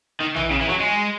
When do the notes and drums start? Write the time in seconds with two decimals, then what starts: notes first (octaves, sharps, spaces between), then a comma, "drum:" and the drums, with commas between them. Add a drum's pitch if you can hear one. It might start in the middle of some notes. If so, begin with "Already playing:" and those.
0.21 D#3
0.36 E3, drum: tom A#1
0.51 C#3
0.61 E3
0.70 F#3
0.80 G#3